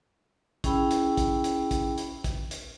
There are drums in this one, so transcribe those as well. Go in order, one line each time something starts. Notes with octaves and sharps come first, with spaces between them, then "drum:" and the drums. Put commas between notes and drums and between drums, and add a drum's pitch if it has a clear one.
C#4 E4 G#4 G5 B5 E6, drum: kick, hi-hat
drum: hi-hat
drum: kick, hi-hat
drum: hi-hat
drum: kick, hi-hat
drum: hi-hat
drum: kick, hi-hat
drum: hi-hat